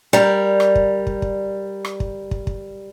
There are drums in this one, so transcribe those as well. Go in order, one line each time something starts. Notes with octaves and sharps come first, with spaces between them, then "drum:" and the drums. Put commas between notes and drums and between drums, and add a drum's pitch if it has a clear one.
G3 A#4
drum: rim click
drum: kick
drum: kick
drum: kick
drum: rim click
drum: kick
drum: kick
drum: kick